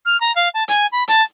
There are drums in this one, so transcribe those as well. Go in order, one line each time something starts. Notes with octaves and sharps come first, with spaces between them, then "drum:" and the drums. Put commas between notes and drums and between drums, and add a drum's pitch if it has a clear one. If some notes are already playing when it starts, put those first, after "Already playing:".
F6
A#5
F5
A5
G#5, drum: hi-hat
B5
A5, drum: hi-hat